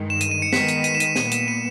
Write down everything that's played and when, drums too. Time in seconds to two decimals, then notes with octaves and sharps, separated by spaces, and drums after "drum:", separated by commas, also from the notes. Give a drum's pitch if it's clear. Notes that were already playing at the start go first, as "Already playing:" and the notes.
Already playing: G2 D#3 G#3
0.10 E7
0.21 D#7, drum: hi-hat
0.31 D#7
0.42 C#7
0.53 D#3 G#3 B3 B6, drum: snare
0.68 drum: hi-hat
0.84 D#7, drum: hi-hat
0.95 E7
1.00 D#7, drum: hi-hat
1.16 A#2 G3 B3 D#7, drum: snare
1.32 E7, drum: hi-hat
1.48 D#7